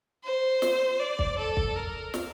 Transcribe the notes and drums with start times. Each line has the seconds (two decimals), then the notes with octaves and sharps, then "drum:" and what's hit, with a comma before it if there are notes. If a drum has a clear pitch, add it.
0.24 C5
0.62 drum: snare
1.00 D5
1.19 drum: kick
1.38 A4
1.57 drum: kick
1.76 A#4
2.14 drum: snare